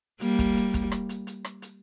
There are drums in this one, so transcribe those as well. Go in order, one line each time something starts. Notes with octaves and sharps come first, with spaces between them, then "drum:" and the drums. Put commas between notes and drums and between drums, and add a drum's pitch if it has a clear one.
G3 A#3, drum: hi-hat
drum: kick, hi-hat
drum: hi-hat
drum: kick, hi-hat
drum: rim click
drum: hi-hat
drum: hi-hat
drum: rim click
drum: hi-hat